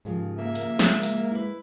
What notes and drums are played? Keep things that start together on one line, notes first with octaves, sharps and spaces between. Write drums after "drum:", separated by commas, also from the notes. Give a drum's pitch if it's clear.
D#2 G#2 C#3 F3
A#3 E5
drum: hi-hat
G#3, drum: snare
drum: hi-hat
E4 B4